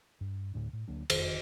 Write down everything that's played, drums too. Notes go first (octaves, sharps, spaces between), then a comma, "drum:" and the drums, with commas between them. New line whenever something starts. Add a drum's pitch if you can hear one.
G2
D2 A2 D3 D4
A2
D2 F#3 A#3 D4
F#1 B1 F2 D#3, drum: cymbal